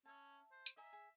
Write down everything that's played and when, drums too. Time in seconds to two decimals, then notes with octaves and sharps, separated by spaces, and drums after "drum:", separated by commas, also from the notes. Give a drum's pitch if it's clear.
0.06 C#4 E5 A5
0.51 C5
0.66 drum: tambourine
0.77 D#5 E5 G#5 A#5
0.93 G#4